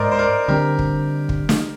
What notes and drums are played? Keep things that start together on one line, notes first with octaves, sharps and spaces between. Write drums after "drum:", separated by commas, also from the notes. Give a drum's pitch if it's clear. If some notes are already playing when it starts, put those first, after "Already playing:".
Already playing: G#2 A#4 C5 D5 D#5
C5
A#4 D5
D3 G3 C4 G4 A#4
drum: kick
drum: kick
drum: snare